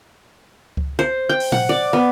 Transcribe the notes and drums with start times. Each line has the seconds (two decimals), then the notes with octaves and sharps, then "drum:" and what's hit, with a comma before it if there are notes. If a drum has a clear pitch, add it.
0.77 drum: kick C#2
0.99 C5
1.29 G5
1.40 drum: open hi-hat
1.52 F#5, drum: tom A#2
1.69 D5
1.93 B3